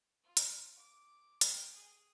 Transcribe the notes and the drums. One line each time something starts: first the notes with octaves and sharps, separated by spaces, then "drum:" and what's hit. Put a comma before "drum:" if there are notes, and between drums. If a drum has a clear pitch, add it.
F4
drum: hi-hat
D6
G5, drum: hi-hat
G#4